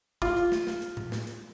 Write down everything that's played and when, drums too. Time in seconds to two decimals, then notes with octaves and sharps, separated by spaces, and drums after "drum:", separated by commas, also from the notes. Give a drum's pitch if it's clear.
0.22 F4, drum: kick, hi-hat
0.37 drum: hi-hat
0.52 drum: snare
0.67 drum: snare
0.82 drum: hi-hat
0.97 drum: tom A2
1.12 drum: snare
1.27 drum: hi-hat